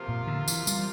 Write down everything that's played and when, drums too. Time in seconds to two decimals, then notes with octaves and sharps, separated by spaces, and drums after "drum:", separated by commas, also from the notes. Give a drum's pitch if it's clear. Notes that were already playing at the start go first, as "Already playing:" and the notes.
Already playing: C3 F3 A#3 F4
0.08 A#2
0.27 D3
0.48 E3, drum: tambourine
0.67 G3, drum: tambourine